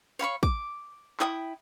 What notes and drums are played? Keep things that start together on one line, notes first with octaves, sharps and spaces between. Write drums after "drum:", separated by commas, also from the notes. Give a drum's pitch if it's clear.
C#5 F5 B5 C#6
D6, drum: kick
E4 G5 D#6, drum: clap